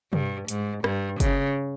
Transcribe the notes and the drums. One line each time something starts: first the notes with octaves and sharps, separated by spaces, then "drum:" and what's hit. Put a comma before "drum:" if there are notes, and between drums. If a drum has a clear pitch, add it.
G2, drum: tom
G#2, drum: hi-hat
G2, drum: rim click
C#3, drum: kick F#1, hi-hat